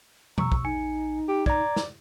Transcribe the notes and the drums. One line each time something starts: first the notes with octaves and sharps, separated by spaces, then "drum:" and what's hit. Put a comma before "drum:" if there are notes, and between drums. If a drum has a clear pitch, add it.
B2 A#5 C#6 E6, drum: tom
drum: kick
A#1 D#4 G#5 C#7
G4
D5 A#5 G#6, drum: kick
drum: snare